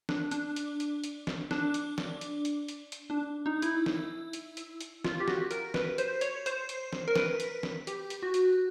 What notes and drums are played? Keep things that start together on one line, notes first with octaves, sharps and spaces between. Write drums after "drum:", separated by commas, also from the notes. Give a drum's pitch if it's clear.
D4, drum: snare
D4, drum: hi-hat
drum: hi-hat
drum: hi-hat
drum: hi-hat
drum: snare
D4, drum: snare
drum: hi-hat
drum: snare
drum: hi-hat
drum: hi-hat
drum: hi-hat
drum: hi-hat
D4
D#4
E4, drum: hi-hat
drum: snare
drum: hi-hat
drum: hi-hat
drum: hi-hat
F4, drum: snare
G4
F#4, drum: snare
A#4, drum: hi-hat
B4, drum: snare
C5, drum: hi-hat
C#5, drum: hi-hat
C5, drum: hi-hat
drum: hi-hat
drum: snare
A#4
B4, drum: snare
drum: hi-hat
drum: snare
G4, drum: hi-hat
drum: hi-hat
F#4
drum: hi-hat